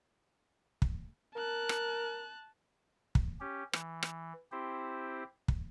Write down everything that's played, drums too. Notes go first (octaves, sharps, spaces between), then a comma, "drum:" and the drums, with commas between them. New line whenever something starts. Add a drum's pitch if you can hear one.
drum: kick
A#4 A5 F#6
drum: rim click
drum: kick
C#4 G4
E3, drum: rim click
drum: rim click
C4 E4 G4 C5
drum: kick